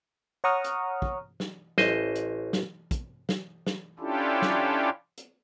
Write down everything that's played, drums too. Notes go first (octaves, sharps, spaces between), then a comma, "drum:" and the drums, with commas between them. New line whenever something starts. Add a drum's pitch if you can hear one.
C#5 F#5 A#5 C#6 D#6 F6
drum: hi-hat
drum: kick
drum: snare
A1 C5 D#5, drum: snare
drum: hi-hat
drum: snare
drum: kick, hi-hat
drum: snare
drum: snare
C#4 D4 E4 F4 G4 A4
drum: snare
drum: hi-hat